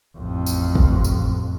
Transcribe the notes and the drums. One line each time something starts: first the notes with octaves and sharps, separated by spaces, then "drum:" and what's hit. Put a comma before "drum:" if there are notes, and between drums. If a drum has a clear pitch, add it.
A1 F2
drum: tambourine
drum: kick
drum: tambourine